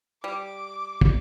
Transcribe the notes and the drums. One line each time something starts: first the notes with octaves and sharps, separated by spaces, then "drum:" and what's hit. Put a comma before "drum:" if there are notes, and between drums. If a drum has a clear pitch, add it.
G3 D6
drum: kick